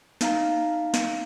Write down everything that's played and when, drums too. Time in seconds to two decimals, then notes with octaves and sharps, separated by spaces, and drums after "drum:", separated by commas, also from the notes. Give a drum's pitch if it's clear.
0.21 D#4 F5 A#5, drum: snare
0.94 drum: snare